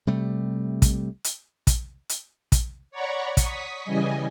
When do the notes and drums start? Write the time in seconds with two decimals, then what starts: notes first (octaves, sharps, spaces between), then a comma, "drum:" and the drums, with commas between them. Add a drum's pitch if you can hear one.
0.07 C3 G3 A3
0.82 drum: kick, hi-hat
1.24 drum: hi-hat
1.67 drum: kick, hi-hat
2.09 drum: hi-hat
2.52 drum: kick, hi-hat
2.91 C#5 D5 F#5 A#5 B5 C#6
3.37 C#6 D#6 B6, drum: kick, hi-hat
3.83 C#3 E3 G3 D#5 G#5